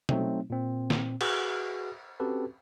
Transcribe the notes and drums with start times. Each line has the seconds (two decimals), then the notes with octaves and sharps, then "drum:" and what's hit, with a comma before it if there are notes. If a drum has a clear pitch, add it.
0.09 F#3 A3 C4 D#4, drum: tom B2
0.50 A#2 C4
0.90 drum: snare
1.21 F#4 G#4 B4, drum: cymbal
2.20 C4 C#4 F#4 G4 A4 B4